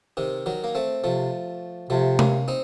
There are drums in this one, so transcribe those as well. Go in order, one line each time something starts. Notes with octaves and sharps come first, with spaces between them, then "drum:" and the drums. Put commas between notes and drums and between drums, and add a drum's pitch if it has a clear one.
C3 D#3
D#3 F#3
A#3
A3 C4
C3 F3 A3
C3 F3 A3
A#3 C#4, drum: tom C3
C4 D#4